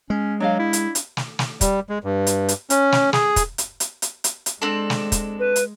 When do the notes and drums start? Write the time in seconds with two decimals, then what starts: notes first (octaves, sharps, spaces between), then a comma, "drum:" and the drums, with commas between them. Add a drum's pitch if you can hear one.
0.10 G#3 C#4
0.40 F#3 D4 D#5 F5
0.59 E4
0.73 drum: hi-hat
0.95 drum: hi-hat
1.17 drum: snare
1.39 drum: snare
1.61 G3, drum: kick, hi-hat
1.89 G#3
2.04 G2
2.27 drum: hi-hat
2.49 drum: hi-hat
2.70 C#4, drum: hi-hat
2.92 drum: snare
3.13 G#4, drum: snare
3.36 drum: kick, hi-hat
3.58 drum: hi-hat
3.80 drum: hi-hat
4.02 drum: hi-hat
4.24 drum: hi-hat
4.46 drum: hi-hat
4.62 G#3 C4 D4 A4
4.90 drum: snare
5.12 drum: kick, hi-hat
5.40 B4
5.56 drum: hi-hat